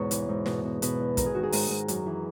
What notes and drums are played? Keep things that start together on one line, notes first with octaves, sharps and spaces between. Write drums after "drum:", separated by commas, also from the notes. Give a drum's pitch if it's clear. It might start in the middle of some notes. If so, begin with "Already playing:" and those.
Already playing: E2 G#2 B2 C#5
E3, drum: hi-hat
G#2
B2, drum: snare
B2
B2 B4, drum: hi-hat
E2
D#3 A#4, drum: kick, hi-hat
G#4
D#3 F#4
G#4
G#2 A#4, drum: open hi-hat
G#2
F#2, drum: hi-hat
E3